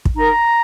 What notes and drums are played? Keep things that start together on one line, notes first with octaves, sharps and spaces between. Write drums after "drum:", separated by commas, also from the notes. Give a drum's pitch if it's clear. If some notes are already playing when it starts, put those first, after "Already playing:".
drum: kick
D#4 A#4 A#5